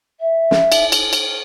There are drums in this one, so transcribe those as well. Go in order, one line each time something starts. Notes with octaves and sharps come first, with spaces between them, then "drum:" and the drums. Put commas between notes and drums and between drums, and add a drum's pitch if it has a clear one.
E5
drum: snare
drum: cymbal
drum: cymbal
drum: cymbal